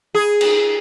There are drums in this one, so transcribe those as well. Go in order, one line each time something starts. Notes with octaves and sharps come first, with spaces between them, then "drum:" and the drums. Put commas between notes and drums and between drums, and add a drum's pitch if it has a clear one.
G#4
drum: cymbal